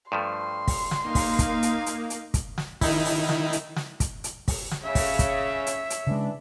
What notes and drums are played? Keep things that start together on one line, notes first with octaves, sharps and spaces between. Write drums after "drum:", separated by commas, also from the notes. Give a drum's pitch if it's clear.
G2 F3 A3 C6
drum: kick, open hi-hat
drum: snare
A#3 D#4 F5
drum: kick, open hi-hat
drum: kick, hi-hat
drum: hi-hat
drum: hi-hat
drum: hi-hat
drum: kick, hi-hat
drum: snare
D#3 D#4 E4, drum: kick, open hi-hat
drum: open hi-hat
drum: snare
drum: hi-hat
drum: snare
drum: kick, hi-hat
drum: hi-hat
drum: kick, open hi-hat
drum: snare
C#3 C#5 E5
drum: kick, open hi-hat
drum: kick, hi-hat
drum: hi-hat
drum: hi-hat
C#3 E3 G#3 D4